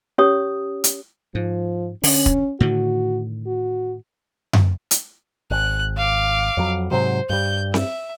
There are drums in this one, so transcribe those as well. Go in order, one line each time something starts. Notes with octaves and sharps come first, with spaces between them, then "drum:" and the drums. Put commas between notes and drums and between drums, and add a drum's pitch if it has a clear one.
C#4 G4 C#5 D#6
drum: hi-hat
G#2 F3
D3 C#4, drum: open hi-hat
drum: kick
A2 D3 D#3 F#4
F#4
drum: tom F#2
drum: hi-hat
G#1 F#6
F5 D6
F2 F#3
G#2 C3 F#3 C5
G2 G3 G6
E5, drum: snare C4